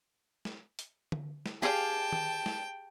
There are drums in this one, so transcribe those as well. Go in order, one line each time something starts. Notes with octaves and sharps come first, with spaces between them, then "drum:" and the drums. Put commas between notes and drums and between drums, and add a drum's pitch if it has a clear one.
drum: snare
drum: hi-hat
drum: tom D3
drum: snare
G4 G#4 F5 G5 A5
drum: tom D#3
drum: snare